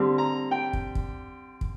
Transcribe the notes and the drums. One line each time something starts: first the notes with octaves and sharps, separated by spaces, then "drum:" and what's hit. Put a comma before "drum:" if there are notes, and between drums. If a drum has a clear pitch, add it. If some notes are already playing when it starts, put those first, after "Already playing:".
Already playing: D3 G3 C4
A#5
G5
drum: kick
drum: kick
drum: kick